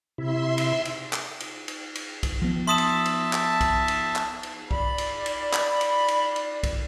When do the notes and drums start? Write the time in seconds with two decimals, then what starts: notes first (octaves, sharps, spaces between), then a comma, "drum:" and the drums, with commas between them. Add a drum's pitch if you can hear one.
0.18 C3 E4 E5 C6
0.58 drum: cymbal
0.85 drum: cymbal
1.13 drum: clap
1.40 drum: cymbal
1.68 drum: cymbal
1.95 drum: cymbal
2.23 drum: kick, cymbal
2.42 F3 B3
2.67 E5 A5 C6 D#6 E7
2.78 drum: cymbal
3.06 drum: cymbal
3.33 drum: clap
3.61 drum: kick, cymbal
3.88 drum: cymbal
4.16 drum: clap
4.43 drum: cymbal
4.71 D5 B5, drum: kick
4.98 drum: cymbal
5.26 drum: cymbal
5.53 drum: clap
5.81 drum: cymbal
6.08 drum: cymbal
6.36 drum: cymbal
6.63 drum: kick, cymbal